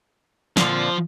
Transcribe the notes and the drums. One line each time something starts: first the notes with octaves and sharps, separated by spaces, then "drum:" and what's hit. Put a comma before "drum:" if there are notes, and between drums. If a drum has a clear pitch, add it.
A#2 D3 F3 C4, drum: snare